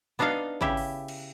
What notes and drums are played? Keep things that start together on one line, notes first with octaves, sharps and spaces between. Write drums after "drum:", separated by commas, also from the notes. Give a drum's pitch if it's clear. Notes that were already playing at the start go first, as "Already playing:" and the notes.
B3 D4 D#4 D#5 F5
C#3 E4 G4 E5, drum: kick G#1
drum: open hi-hat
drum: cymbal